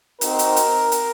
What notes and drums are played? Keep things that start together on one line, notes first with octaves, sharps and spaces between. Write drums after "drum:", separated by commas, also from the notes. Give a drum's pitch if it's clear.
C4 D#4 F#4 A#4, drum: hi-hat
drum: hi-hat
drum: hi-hat
drum: hi-hat